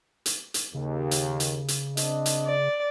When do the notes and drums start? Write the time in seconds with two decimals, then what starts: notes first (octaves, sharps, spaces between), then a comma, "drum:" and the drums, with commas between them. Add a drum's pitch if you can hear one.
0.26 drum: hi-hat
0.54 drum: hi-hat
0.74 D#2 C#3
1.11 drum: hi-hat
1.40 drum: hi-hat
1.68 drum: hi-hat
1.97 C4 D4 D#5, drum: hi-hat
2.26 drum: hi-hat
2.45 D5